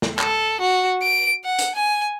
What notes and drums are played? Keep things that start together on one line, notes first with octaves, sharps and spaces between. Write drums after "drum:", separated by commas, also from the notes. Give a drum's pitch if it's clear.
drum: snare
A4, drum: clap
F#4
D7
F#5
drum: hi-hat
G#5